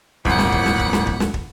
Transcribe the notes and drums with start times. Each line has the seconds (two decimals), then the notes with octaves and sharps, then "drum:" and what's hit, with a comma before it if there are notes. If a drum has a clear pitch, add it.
0.25 D1 G1 C2 E3 F3 A#3 F#5 B5, drum: kick
0.39 drum: snare
0.52 drum: kick
0.66 drum: snare
0.79 drum: kick
0.93 drum: snare
1.07 drum: kick
1.20 drum: snare
1.34 drum: kick